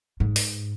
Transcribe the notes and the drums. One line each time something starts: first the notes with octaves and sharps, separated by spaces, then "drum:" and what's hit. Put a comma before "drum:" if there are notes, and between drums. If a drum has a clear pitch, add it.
G#2
drum: open hi-hat